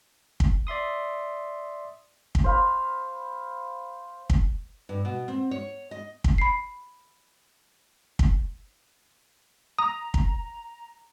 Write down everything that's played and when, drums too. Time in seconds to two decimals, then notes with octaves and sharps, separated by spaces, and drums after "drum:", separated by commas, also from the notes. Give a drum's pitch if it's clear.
0.40 drum: kick
0.67 D5 E5 C6 D#6
2.35 drum: kick
2.44 C5 F5 B5
4.30 drum: kick
4.89 G2
5.05 B2
5.28 C4
5.51 C#5
5.91 D#5
6.24 drum: kick
6.38 B5 C7
8.19 drum: kick
9.79 A#5 D#6
10.14 drum: kick